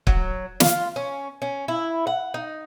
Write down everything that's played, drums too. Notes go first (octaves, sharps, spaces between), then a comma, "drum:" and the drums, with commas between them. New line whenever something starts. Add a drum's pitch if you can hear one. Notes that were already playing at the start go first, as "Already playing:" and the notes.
F#3, drum: kick
F4, drum: snare
C#4
C#4
E4
F#5
D#4